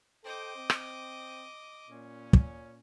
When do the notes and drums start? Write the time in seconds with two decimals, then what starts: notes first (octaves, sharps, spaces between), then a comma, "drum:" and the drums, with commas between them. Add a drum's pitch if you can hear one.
0.24 A4 C5 D#5 G5 D6
0.56 C4 C5
0.70 drum: rim click
1.89 A#2 C#4
2.33 drum: kick